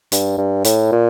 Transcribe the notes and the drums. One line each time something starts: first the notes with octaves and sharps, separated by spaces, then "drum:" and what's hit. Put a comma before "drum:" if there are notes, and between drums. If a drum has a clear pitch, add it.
G2, drum: hi-hat
G2
A2, drum: hi-hat
A#2